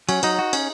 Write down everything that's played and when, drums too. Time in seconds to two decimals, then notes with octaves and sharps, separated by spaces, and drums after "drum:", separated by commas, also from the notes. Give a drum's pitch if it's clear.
0.09 F#3 C#4, drum: cymbal
0.23 F#3 D#4, drum: cymbal
0.39 F#4
0.53 C#4, drum: cymbal